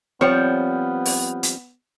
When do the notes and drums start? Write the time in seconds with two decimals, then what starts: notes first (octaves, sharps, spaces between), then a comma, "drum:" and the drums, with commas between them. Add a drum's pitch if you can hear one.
0.21 F3 G3 B3 C4 C#5
1.05 drum: open hi-hat
1.43 drum: hi-hat